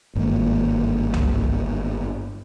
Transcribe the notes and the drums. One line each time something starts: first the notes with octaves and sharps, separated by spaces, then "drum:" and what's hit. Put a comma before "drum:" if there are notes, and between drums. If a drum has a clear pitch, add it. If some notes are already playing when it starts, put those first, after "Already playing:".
G1 G#2 D#3 A#3
drum: tom C2